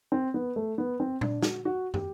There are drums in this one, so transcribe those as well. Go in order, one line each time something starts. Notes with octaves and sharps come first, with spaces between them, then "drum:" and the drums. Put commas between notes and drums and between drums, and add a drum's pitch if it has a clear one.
C4
B3
A3
B3
C4
D4, drum: tom A#2
F#4, drum: snare
F#4
G4, drum: tom